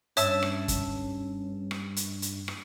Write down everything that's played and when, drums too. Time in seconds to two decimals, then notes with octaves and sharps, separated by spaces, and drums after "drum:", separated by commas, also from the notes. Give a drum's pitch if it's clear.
0.17 G2 C#4 C#5 E5 A5 E6, drum: hi-hat
0.42 drum: rim click
0.68 drum: kick, hi-hat
1.71 drum: rim click
1.96 drum: hi-hat
2.22 drum: hi-hat
2.48 drum: rim click